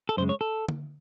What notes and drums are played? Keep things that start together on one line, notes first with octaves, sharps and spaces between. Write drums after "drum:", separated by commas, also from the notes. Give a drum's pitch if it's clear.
A4
F#2 C#3 G#3 C5
C#5
A4
drum: tom D3